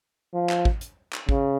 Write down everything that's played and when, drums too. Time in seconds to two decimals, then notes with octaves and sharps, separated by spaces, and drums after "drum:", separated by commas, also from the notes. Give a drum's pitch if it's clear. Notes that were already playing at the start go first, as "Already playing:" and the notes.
0.34 F3
0.50 drum: clap
0.65 drum: kick
0.81 drum: hi-hat
1.13 drum: clap
1.29 C#3, drum: kick